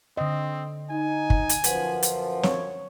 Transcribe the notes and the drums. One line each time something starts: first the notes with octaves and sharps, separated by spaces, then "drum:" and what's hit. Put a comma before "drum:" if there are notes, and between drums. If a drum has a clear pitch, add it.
D3 C4 D#5
D#4 G#5
drum: kick
drum: hi-hat
F#2 F3 B4 F#5, drum: hi-hat
drum: hi-hat
C#5, drum: snare